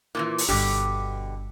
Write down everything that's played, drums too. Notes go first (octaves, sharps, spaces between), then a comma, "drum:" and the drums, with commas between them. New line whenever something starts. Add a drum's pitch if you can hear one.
A#2 D#3 E3
drum: open hi-hat
G1 G2 B2 D3 G4